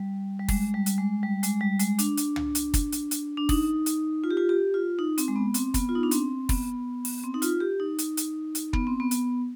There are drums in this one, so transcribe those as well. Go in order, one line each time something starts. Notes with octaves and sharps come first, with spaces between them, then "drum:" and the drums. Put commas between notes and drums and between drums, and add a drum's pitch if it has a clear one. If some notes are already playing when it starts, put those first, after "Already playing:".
Already playing: G3
G3
G#3, drum: kick, open hi-hat
G3
drum: hi-hat
G#3
G3
G#3, drum: hi-hat
G3
G#3, drum: hi-hat
D4, drum: hi-hat
drum: hi-hat
drum: tom
drum: hi-hat
drum: kick, hi-hat
drum: hi-hat
drum: hi-hat
D4
D#4, drum: kick, open hi-hat
drum: hi-hat
F4
G4
F4
G4
F4
D#4
C4, drum: hi-hat
G#3
B3
C4, drum: hi-hat
B3, drum: kick, hi-hat
F4
D#4
D4
C4, drum: hi-hat
B3, drum: kick, open hi-hat
drum: open hi-hat
C4
D#4
F4, drum: hi-hat
G4
D#4
drum: hi-hat
drum: hi-hat
drum: hi-hat
B3, drum: kick
C4
B3
drum: hi-hat